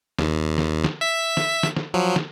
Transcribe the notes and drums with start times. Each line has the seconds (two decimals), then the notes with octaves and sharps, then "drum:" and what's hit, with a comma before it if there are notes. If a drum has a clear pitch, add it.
0.19 D#2, drum: snare
0.58 drum: snare
0.84 drum: snare
1.01 E5 B6
1.37 drum: snare
1.63 drum: snare
1.77 drum: snare
1.94 F3 F#3
2.16 drum: snare